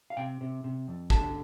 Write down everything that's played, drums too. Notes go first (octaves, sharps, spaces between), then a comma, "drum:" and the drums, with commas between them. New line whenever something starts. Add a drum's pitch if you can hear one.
F5
C3 G5
C3
C3
F2
D3 A5, drum: kick